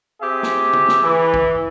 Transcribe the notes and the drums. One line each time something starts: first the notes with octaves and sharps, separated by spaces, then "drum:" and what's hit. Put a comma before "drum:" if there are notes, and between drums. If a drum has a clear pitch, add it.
C4 G4 G#4 E5
drum: snare
drum: tom
drum: snare
E3
drum: kick A1